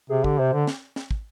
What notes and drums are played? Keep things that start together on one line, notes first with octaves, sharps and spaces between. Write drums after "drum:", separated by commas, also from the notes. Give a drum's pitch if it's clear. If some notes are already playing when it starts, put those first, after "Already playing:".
C3 G#4
D3 G4, drum: kick
C3 C5
D3
drum: snare
drum: snare
drum: kick